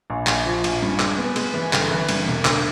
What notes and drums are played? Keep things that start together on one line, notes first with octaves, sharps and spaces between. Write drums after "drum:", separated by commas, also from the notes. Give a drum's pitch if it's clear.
A#1
A#1, drum: clap
F3
A#1, drum: cymbal
G2
G#3, drum: clap
B3
G#3, drum: cymbal
E3
G1, drum: clap
E3
G2, drum: cymbal
E1
D2, drum: clap